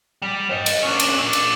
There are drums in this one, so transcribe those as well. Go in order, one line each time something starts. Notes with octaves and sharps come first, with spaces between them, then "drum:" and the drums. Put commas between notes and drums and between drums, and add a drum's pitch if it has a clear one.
G3
C5 D#5
drum: cymbal
C#4 D4
drum: cymbal
A#2 D4
drum: cymbal